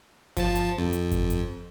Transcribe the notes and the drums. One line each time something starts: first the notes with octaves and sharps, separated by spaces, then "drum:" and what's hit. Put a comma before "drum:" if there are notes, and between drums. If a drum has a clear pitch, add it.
F3 A5, drum: kick G1, hi-hat
drum: hi-hat
F2
drum: hi-hat
drum: kick G1, hi-hat
drum: hi-hat